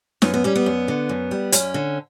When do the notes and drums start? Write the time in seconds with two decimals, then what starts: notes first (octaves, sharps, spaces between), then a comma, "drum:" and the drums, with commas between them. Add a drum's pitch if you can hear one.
0.22 F#2 B3, drum: snare
0.34 B3
0.44 G3 C#4
0.56 B3
0.66 F#2
0.88 D3
1.09 F#2
1.31 G3
1.52 F#2 C#4, drum: hi-hat
1.74 D3